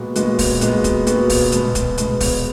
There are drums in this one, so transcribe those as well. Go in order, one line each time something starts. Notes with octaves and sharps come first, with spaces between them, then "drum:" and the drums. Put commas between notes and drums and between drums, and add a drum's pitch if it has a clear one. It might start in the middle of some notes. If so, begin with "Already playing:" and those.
Already playing: A#2 G#3 B3 F#4
A#2 G#3 B3 F#4, drum: hi-hat
drum: kick, open hi-hat
A#2 G#3 B3 F#4, drum: hi-hat
drum: kick, hi-hat
A#2 G#3 B3 F#4, drum: hi-hat
drum: kick, open hi-hat
B2 G#3 B3, drum: hi-hat
drum: kick, hi-hat
B2 G#3 B3, drum: hi-hat
drum: kick, open hi-hat